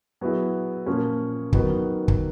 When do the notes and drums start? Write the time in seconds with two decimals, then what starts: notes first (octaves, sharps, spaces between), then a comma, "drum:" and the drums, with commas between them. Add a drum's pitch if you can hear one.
0.21 F#3 B3 E4 G#4
0.86 A#2 F3 A#3 C#4
1.53 D#3 F#3 B3 D#4, drum: kick
2.08 drum: kick